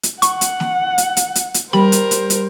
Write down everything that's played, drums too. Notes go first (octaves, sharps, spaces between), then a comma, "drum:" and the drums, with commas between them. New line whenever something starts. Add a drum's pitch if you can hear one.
drum: hi-hat
F#5 C#6, drum: hi-hat
drum: hi-hat
drum: snare
drum: hi-hat
drum: hi-hat
drum: hi-hat
drum: hi-hat
G3 A#4 C5 B5, drum: snare
drum: hi-hat
drum: hi-hat
drum: hi-hat